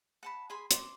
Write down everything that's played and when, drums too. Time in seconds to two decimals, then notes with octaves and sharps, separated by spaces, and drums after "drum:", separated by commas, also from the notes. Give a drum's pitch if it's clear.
0.23 F#5 A5 B5
0.50 G#4 G#5 B5 C6
0.71 C6 D6, drum: hi-hat